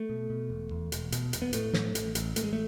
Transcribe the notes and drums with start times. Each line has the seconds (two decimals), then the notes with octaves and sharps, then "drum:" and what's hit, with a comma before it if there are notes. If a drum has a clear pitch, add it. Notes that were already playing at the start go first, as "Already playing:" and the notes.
Already playing: A3
0.09 B2
0.30 B2
0.50 E1
0.71 E2
0.92 E1, drum: hi-hat
1.12 B2, drum: hi-hat
1.33 E1, drum: hi-hat
1.42 B3
1.53 A2 A3, drum: hi-hat
1.73 A2, drum: snare
1.95 A1, drum: hi-hat
2.15 A1, drum: hi-hat
2.36 A1 A3, drum: hi-hat
2.44 G#3
2.53 A3